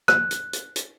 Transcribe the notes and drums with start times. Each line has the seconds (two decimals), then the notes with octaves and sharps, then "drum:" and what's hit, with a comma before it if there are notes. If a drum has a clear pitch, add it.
0.08 F#6, drum: rim click
0.31 drum: hi-hat
0.53 drum: hi-hat
0.76 drum: hi-hat